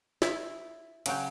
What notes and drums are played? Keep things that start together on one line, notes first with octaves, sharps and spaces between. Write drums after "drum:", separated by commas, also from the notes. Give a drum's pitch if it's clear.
E4, drum: snare
C#3 F#3 G5, drum: cymbal